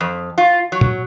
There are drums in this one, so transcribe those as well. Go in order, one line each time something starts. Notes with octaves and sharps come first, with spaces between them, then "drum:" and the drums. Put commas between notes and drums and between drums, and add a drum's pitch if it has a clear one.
F2
F4
F#3
drum: tom A#2